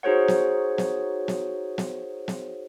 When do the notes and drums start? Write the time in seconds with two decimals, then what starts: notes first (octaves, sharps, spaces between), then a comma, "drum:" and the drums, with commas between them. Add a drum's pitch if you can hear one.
0.03 D#4 F#4 G#4 C5 C#5 F#5
0.28 drum: snare
0.78 drum: snare
1.28 drum: snare
1.78 drum: snare
2.28 drum: snare